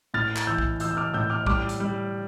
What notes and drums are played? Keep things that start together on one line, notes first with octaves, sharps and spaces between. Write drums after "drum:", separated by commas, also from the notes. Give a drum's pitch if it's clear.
A2 F6 A6
drum: clap
E3 E6 G6
drum: kick
E3 E6 G6, drum: hi-hat
E6
D6 F6
A2 E6 G6
D6 F6
G3 D6 F6, drum: kick
drum: hi-hat
G3